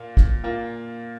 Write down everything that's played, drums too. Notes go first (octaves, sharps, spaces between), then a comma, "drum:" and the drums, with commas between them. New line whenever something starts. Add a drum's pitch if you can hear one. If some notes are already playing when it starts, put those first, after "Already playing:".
Already playing: A#2 A#3 F4
drum: kick
A#2 A#3 F4